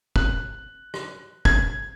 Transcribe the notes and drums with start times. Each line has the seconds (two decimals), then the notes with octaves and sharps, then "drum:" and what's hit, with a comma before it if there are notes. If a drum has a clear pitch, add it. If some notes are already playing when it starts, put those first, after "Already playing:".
0.16 F#6, drum: kick
0.94 drum: rim click
1.45 G#6, drum: kick